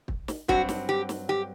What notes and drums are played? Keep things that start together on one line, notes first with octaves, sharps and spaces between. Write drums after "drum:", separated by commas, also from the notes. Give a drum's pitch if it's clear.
drum: kick
drum: snare
G2 F#3 C4 F#4, drum: kick
drum: snare
G4
drum: snare
G4